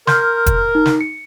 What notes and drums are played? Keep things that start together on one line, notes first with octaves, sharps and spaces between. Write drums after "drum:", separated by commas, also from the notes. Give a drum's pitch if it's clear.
A#4 C6 F6 G6, drum: snare
drum: kick, hi-hat
D#4
drum: snare
C#7